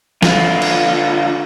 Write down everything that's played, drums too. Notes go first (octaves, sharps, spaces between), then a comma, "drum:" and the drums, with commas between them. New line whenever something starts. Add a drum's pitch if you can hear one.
D3 F4, drum: snare
drum: cymbal